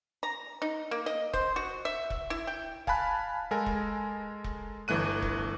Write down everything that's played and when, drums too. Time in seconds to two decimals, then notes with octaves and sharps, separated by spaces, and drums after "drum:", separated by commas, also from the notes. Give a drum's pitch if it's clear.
0.23 A#5
0.62 D#4
0.91 A#3
1.06 D#5
1.34 C5, drum: kick E1
1.56 F#4
1.85 E5
2.10 drum: kick E1
2.30 E4
2.47 G5
2.87 F5 G#5 A5 B5 F#6, drum: kick E1
3.51 G#3 A4 A#4 G#5
3.66 drum: kick E1
4.44 drum: kick E1
4.88 G1 E3 A3 F#6 D#7
5.22 drum: kick E1